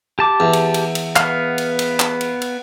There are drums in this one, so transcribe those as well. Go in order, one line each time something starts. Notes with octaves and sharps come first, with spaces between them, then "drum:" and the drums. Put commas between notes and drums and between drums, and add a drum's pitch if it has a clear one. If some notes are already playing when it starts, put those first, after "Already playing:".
G4 A5 D6
E2
drum: cymbal
drum: cymbal
drum: cymbal
B3 F5, drum: clap
drum: cymbal
drum: cymbal
drum: clap
drum: cymbal
drum: cymbal